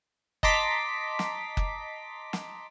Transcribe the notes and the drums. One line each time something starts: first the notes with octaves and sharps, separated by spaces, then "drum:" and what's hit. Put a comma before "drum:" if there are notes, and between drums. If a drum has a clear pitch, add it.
D#5 A5 A#5 C6 D6 B6, drum: kick F#1
drum: snare
drum: kick F#1
drum: snare